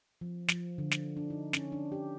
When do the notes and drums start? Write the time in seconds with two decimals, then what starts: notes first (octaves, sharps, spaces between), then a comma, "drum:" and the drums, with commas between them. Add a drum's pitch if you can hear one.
0.21 F3
0.48 F3, drum: snare
0.78 D3
0.91 drum: snare
1.17 D4
1.30 D#4
1.53 C#4, drum: snare
1.72 D4
1.92 G4